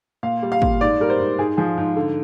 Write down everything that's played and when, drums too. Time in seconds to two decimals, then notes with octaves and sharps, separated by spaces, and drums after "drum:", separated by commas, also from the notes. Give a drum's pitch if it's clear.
0.23 A#2 F5
0.42 G3
0.52 F5
0.62 A#2, drum: kick
0.81 G#2 D5
1.00 G3 A#4
1.10 C5
1.20 G#2
1.38 G#2 G#4
1.57 F3 G#4
1.78 G#2
1.96 D3